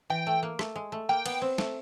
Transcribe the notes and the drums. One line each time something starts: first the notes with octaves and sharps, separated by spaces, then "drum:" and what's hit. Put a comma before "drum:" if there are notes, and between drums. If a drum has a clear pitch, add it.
E3 G5
A3
A#3
A3, drum: rim click
G#3
A3
A#3 G5
B3, drum: cymbal
C4
A3, drum: snare